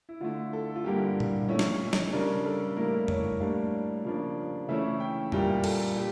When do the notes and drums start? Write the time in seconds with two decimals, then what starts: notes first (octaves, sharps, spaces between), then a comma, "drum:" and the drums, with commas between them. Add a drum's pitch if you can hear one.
0.09 E4
0.21 D3 A3 E4 F4
0.53 A4
0.76 F4
0.84 G2 D3 G3 A#3 E4 G4
1.20 drum: tom A#2
1.48 A#2 A3 C#4 E4
1.59 drum: snare
1.93 drum: snare
2.13 C#3 G3 D4 A#4
2.44 A4
2.76 A2 G3 A#3 E4 A#4
3.08 C#5, drum: tom F2
3.40 A2 G3 A#3 D4 F5
4.04 C#3 F3 A#3 D4
4.68 C#3 E3 A3 C#4 E4 E5
5.00 G5
5.32 A#2 G3 A#3 G5, drum: tom F2
5.64 A4, drum: cymbal
5.96 A#2 G4